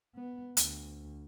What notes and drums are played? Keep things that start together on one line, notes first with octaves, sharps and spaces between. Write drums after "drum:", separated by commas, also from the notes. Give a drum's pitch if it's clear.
B3
D2, drum: hi-hat